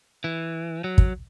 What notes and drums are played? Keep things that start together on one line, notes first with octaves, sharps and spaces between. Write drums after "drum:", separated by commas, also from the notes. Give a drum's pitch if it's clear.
E3
F#3
drum: kick